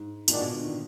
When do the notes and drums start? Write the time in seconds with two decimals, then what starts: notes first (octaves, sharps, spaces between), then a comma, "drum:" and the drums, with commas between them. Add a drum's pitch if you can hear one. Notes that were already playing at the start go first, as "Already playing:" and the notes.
Already playing: G#2
0.28 A#2 D#3 G#3 D4 F#4, drum: tambourine
0.40 B2
0.52 D3
0.63 D#3